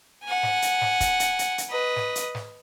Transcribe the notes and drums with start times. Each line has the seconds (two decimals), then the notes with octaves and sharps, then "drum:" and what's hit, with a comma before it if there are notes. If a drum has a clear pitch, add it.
0.24 F#5 G#5
0.43 drum: snare
0.62 drum: hi-hat
0.81 drum: snare
1.01 drum: kick, hi-hat
1.20 drum: hi-hat
1.39 drum: hi-hat
1.58 drum: hi-hat
1.69 B4 D#5
1.96 drum: snare
2.15 drum: hi-hat
2.35 drum: snare